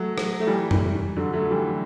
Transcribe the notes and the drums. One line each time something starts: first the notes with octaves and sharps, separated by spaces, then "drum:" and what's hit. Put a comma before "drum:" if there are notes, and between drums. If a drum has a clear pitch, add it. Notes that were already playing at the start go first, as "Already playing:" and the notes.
Already playing: F#3 A3
drum: rim click
A3
E3 G3
drum: tom F2
D3 F#3
F#3 A3
E3 G3